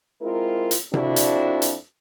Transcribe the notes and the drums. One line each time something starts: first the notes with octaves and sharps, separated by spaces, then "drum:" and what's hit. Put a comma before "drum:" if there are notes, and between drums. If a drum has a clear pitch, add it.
G#3 C4 E4 F4 A#4
drum: hi-hat
F2 C4 D4 E4 F#4 D5, drum: tom C3
drum: hi-hat
drum: hi-hat